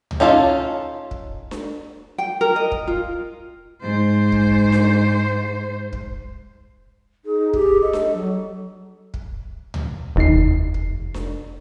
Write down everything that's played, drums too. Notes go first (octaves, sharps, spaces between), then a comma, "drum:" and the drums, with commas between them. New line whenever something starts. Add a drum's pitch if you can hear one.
drum: tom C#2
C#4 D#4 F4 A4 C#5
drum: kick
drum: snare D4
G5
A#4
D#5
drum: kick
F4
G#2 C5
drum: kick
drum: snare D4
drum: kick
D#4 G#4
G4, drum: kick
A4 D#5
drum: snare D4
F#3
drum: kick
drum: tom C#2
F1 D#2 D#4 C7
drum: kick
drum: snare D4